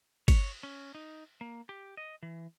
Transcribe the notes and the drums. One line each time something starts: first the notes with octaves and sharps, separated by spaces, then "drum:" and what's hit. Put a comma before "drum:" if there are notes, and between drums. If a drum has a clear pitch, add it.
C#5, drum: kick, cymbal
C#4
D#4
A#3
G4
D#5
E3